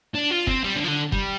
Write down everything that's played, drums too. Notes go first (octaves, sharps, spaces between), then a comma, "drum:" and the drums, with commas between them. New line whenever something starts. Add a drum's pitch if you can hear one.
D4
F4
C4, drum: kick
G3
D3
F3
D3
G3, drum: kick